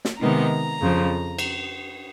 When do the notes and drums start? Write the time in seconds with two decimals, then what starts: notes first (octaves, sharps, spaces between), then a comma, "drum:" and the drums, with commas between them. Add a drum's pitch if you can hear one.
0.05 drum: snare
0.18 C3 D#3 G#3 B3 D#4 A#5
0.80 F2 C#3 F3
1.39 drum: cymbal